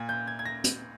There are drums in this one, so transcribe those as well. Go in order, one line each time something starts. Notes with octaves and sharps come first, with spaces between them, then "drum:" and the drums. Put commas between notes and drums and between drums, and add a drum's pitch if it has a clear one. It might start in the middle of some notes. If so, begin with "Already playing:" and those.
Already playing: A#2 G#6
G6
G#6
G#6
A#6
drum: hi-hat